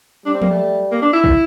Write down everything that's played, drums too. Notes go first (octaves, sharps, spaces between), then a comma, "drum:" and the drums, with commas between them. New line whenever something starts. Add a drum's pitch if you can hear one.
G3 D4
C4
A#3, drum: tom F3
A3
A#3
D4
E4
drum: kick